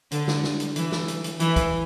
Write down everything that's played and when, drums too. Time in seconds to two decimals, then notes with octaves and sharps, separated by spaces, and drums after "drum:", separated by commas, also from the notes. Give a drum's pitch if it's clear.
0.11 D3, drum: hi-hat
0.28 drum: snare
0.44 drum: snare
0.60 drum: hi-hat
0.76 E3, drum: hi-hat
0.92 drum: snare
1.08 drum: hi-hat
1.24 drum: hi-hat
1.40 E3, drum: hi-hat
1.56 drum: kick, hi-hat